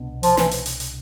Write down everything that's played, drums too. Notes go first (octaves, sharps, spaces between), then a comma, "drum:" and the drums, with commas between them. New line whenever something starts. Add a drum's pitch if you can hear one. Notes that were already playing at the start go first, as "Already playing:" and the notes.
Already playing: C2 B2 B3 D4
F3, drum: hi-hat
E3, drum: snare
drum: hi-hat
drum: hi-hat
drum: hi-hat